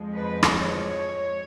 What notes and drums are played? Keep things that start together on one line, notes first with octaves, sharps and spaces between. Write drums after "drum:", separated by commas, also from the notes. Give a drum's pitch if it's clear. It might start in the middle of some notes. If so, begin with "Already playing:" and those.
Already playing: F2 F3 G#3
B4
drum: rim click
C#5